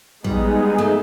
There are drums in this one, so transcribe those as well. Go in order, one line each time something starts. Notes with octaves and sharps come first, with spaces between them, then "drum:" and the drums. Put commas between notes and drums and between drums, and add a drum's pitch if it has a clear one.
G3 G#3 B3 D#4 G#4, drum: kick
A3